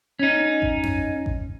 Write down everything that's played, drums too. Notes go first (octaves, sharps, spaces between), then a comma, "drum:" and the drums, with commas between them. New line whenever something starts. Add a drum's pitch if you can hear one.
C#4 D#4
drum: kick A1
drum: tom F2
drum: kick A1